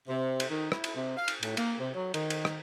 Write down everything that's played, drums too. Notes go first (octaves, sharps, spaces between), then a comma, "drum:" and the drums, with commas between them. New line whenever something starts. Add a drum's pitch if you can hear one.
C3
drum: cymbal
D#3
E4, drum: rim click
drum: cymbal
C3
F5
drum: cymbal
A2, drum: cymbal
A#3, drum: cymbal
C3
F#3
D#3, drum: cymbal
drum: cymbal
drum: rim click